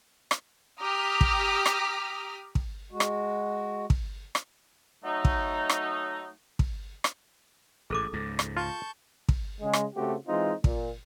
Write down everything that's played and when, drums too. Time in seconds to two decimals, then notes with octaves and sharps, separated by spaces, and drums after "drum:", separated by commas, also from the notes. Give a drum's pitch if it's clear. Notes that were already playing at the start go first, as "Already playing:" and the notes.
0.31 drum: rim click
0.81 G4 A#5 D6 D#6 F6 B6
1.21 drum: kick
1.66 drum: rim click
2.55 drum: kick
2.91 G#3 F#4
3.00 drum: rim click
3.90 drum: kick
4.35 drum: rim click
5.04 F#3 A3 D#4
5.25 drum: kick
5.69 drum: rim click
6.59 drum: kick
7.04 drum: rim click
7.90 A1 G#2 G#4 A4 D6
8.13 C#2 G#2
8.39 drum: rim click
8.57 F4 A5 C#6 G6
9.29 drum: kick
9.61 C#3 G#3
9.73 drum: rim click
9.96 C#3 A3 C4 F#4 G4
10.28 E3 G#3 C4 D#4 F4
10.64 A#2, drum: kick